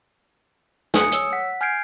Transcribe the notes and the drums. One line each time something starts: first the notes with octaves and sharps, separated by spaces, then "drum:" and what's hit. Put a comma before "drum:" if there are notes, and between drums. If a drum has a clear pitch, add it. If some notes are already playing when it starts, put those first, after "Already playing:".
G#5 D#6 C#7, drum: snare
C#5 E6, drum: hi-hat
F#5 B6
G#5 F6 G6 G#6 C7 D7